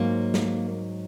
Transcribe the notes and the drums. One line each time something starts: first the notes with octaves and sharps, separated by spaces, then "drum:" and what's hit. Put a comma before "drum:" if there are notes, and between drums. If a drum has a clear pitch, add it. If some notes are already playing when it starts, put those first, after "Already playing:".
Already playing: G#2 F#3 A#3
drum: snare